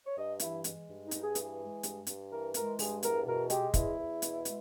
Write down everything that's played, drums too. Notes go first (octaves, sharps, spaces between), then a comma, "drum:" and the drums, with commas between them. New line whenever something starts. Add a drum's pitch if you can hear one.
C#5
G2 D#5
E3 E4, drum: hi-hat
G#3, drum: hi-hat
G2
D#4
G2, drum: hi-hat
G#4
E3, drum: hi-hat
G#4
G#3
G2, drum: hi-hat
G2, drum: hi-hat
E3 A#4
G#3 A#4, drum: hi-hat
G2 G#4, drum: open hi-hat
E2 A#4, drum: hi-hat
B2 A#4
G#3 G4, drum: hi-hat
E2 E4, drum: kick, hi-hat
E2
B2, drum: hi-hat
G#3, drum: hi-hat